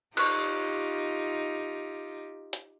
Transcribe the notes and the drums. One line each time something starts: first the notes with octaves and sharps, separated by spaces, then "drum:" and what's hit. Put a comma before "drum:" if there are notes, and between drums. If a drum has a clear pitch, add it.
D#4 F4 G4 C#6 F#6, drum: cymbal
drum: hi-hat